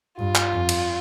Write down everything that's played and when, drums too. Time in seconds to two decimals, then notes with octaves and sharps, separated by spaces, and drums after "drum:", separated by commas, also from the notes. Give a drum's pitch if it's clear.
0.18 G2 F4
0.35 drum: clap
0.53 F2
0.69 drum: cymbal